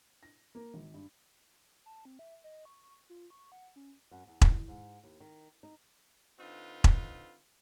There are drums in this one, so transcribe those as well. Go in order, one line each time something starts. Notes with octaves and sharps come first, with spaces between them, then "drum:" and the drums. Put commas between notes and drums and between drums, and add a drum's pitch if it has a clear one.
A#6
A#3
G#1
G2
A5
C4
E5
D#5
C#6
F4
C#6
F#5
C#4
F#2
E2
drum: kick E1
G#2
D#2
D#3
D#4
D3 C4 D#4 F4 B4
drum: kick E1